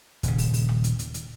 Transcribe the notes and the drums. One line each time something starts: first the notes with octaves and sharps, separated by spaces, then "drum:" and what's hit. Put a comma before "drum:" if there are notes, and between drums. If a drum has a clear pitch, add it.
D#1 C#3, drum: hi-hat
drum: kick, open hi-hat
drum: open hi-hat
drum: snare
drum: hi-hat
drum: hi-hat
drum: hi-hat